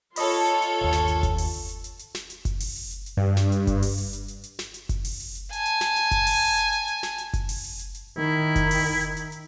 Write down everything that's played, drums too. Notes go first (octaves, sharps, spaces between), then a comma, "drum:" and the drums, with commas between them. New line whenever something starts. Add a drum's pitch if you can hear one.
F4 A4 C#5 D#5 B5, drum: open hi-hat
drum: hi-hat
drum: hi-hat
drum: hi-hat
G1 D#2
drum: snare
drum: hi-hat
drum: kick F#1, hi-hat
drum: open hi-hat
drum: hi-hat
drum: hi-hat
drum: hi-hat
drum: hi-hat
drum: snare
drum: hi-hat
drum: kick F#1, hi-hat
drum: open hi-hat
drum: hi-hat
drum: hi-hat
drum: hi-hat
G2
drum: snare
drum: hi-hat
drum: kick F#1, hi-hat
drum: open hi-hat
drum: hi-hat
drum: hi-hat
drum: hi-hat
drum: hi-hat
drum: snare
drum: hi-hat
drum: kick F#1, hi-hat
drum: open hi-hat
drum: hi-hat
drum: hi-hat
G#5 A5, drum: hi-hat
drum: hi-hat
drum: snare
drum: hi-hat
drum: kick F#1, hi-hat
drum: open hi-hat
drum: hi-hat
drum: hi-hat
drum: hi-hat
drum: hi-hat
drum: snare
drum: hi-hat
drum: kick F#1, hi-hat
drum: open hi-hat
drum: hi-hat
drum: hi-hat
drum: hi-hat
D#3 E4
drum: kick F#1, hi-hat
drum: open hi-hat
drum: hi-hat
drum: hi-hat
drum: hi-hat
drum: hi-hat